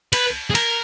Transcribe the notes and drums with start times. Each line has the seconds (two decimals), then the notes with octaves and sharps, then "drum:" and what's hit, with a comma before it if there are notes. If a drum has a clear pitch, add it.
0.13 B4, drum: cymbal
0.50 G#4
0.55 A#4, drum: cymbal